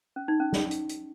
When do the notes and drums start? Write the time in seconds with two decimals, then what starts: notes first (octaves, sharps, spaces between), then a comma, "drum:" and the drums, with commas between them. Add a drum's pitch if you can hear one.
0.16 C#4
0.28 D#4
0.40 C#4
0.53 drum: snare
0.71 drum: hi-hat
0.89 drum: hi-hat